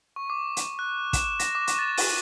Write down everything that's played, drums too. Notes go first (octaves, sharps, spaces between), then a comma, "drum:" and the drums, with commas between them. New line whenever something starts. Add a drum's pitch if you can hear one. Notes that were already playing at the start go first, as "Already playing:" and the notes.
C#6
D6
drum: hi-hat
F#6
E7, drum: kick, hi-hat
A#6, drum: hi-hat
D6
C#6, drum: hi-hat
A6
D#7, drum: open hi-hat